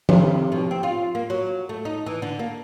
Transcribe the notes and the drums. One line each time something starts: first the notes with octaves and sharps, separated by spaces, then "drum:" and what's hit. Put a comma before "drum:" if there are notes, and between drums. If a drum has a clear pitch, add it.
C3, drum: tom F3
B2
C4
F4
A#3
F#3
A3
D#4
E3
D3
A#3